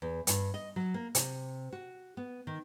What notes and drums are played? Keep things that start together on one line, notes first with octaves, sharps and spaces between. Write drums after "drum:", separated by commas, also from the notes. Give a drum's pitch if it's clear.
E2
G2, drum: hi-hat
D#5
F#3
A#3
C3, drum: hi-hat
F#4
B3
D#3